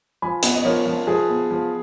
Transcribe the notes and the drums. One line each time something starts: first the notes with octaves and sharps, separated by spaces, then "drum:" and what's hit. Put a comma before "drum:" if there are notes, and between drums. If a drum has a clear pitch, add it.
F3 G#5 B5
B3, drum: hi-hat
D#5
F3 A#4 C#5
F3
F3 G#4 B4
B3
F3